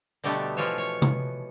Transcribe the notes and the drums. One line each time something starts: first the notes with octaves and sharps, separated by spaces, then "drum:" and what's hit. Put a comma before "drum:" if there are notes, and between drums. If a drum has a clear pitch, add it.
B2 D3 G3 A3 B3 G4
B2 E3 F3 F4 C#5 E5
C#5
drum: tom C3